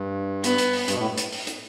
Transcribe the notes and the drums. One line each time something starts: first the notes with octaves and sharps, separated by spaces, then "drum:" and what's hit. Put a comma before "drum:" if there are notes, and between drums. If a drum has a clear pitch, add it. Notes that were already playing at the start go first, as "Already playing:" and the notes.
Already playing: G2
B3, drum: hi-hat
drum: hi-hat
drum: open hi-hat
G2, drum: hi-hat
B2
A2
drum: hi-hat
drum: open hi-hat
drum: hi-hat